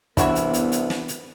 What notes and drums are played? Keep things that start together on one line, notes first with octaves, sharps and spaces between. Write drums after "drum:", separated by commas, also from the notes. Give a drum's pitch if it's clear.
C2 E3 B3 D4 E4 F#4 C#5, drum: kick, hi-hat
drum: hi-hat
drum: hi-hat
drum: hi-hat
drum: snare
drum: hi-hat